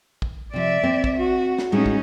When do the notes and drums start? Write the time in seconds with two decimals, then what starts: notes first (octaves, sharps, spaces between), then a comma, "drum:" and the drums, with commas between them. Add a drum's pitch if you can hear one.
0.22 drum: kick
0.54 C3 F3 D5 E5
0.83 C4
1.04 drum: kick
1.17 F#4
1.58 drum: snare
1.72 A2 G#3 C#4 D#4 F#4
1.86 drum: kick